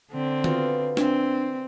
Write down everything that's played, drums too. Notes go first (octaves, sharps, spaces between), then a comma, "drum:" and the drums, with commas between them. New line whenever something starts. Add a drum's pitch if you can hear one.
D3 C4
B3 F4 F#4, drum: tom D#3
C4 D4 D5 E5 G#5, drum: snare